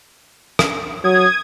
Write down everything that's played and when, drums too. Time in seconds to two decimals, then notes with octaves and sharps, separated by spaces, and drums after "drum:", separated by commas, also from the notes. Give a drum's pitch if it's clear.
0.59 drum: rim click
1.04 F#3 D#6 G#6